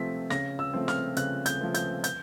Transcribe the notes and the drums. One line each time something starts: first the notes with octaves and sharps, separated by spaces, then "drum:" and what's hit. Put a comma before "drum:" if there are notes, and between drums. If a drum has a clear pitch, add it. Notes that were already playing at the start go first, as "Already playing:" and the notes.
Already playing: C3 F3 A3 C4 B6
C#3 A#6, drum: snare
E6
F3 A3 C4
F6, drum: snare
C#3 F#6, drum: hi-hat
G6, drum: hi-hat
F3 A3 C4
G6, drum: hi-hat
G6, drum: hi-hat